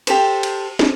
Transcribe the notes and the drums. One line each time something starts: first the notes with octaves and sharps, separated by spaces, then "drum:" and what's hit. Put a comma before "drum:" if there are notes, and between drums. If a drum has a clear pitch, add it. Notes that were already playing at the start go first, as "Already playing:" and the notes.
G4 A4 C5, drum: cymbal
drum: cymbal
drum: snare